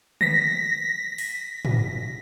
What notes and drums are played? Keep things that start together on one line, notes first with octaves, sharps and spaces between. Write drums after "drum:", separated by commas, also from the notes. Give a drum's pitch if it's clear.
A#6 B6, drum: tom
drum: open hi-hat
drum: tom